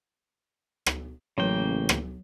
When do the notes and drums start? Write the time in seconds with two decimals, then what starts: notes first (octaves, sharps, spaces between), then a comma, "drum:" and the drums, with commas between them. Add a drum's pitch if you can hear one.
0.86 drum: rim click
1.38 A1 C#3 F#3 A#3 B4 G5
1.89 drum: rim click